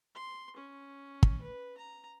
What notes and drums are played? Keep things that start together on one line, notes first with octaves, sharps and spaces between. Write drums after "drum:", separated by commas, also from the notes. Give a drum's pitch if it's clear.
C6
C#4
drum: kick
B4
A#5